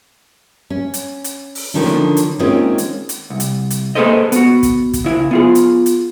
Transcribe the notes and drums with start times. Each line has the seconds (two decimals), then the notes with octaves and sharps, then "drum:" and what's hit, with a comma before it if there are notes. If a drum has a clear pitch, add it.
0.70 C#4
0.94 drum: hi-hat
1.24 drum: hi-hat
1.55 drum: open hi-hat
1.74 D3 D#3 F3 C#4 D4
1.86 drum: snare
2.17 drum: hi-hat
2.39 D#3 G#3 A#3 C4 C#4 F4
2.78 drum: hi-hat
3.09 drum: hi-hat
3.30 C2
3.40 drum: hi-hat
3.70 drum: hi-hat
3.95 A#3 G#4 A4 B4 C5 D#5
4.32 B3 F#4, drum: hi-hat
4.63 drum: kick, hi-hat
4.94 drum: kick, hi-hat
5.04 C#3 E4
5.31 B3 F4 G#4
5.55 drum: hi-hat
5.86 drum: hi-hat